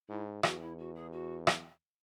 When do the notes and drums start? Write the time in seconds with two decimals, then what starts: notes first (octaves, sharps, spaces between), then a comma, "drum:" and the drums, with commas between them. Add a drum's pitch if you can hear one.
0.09 G#2 E4
0.43 E2 F#4, drum: rim click
0.61 E4
0.79 F#4
0.95 G#4
1.12 F#4
1.47 drum: rim click